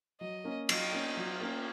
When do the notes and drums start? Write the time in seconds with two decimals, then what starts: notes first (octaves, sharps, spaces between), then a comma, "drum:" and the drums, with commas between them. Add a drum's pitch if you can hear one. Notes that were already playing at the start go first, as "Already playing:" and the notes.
0.21 F#3 D#5
0.44 A#3 C#4
0.69 F#3 D#5, drum: cymbal
0.93 A#3 C#4
1.17 F#3
1.40 A#3 C#4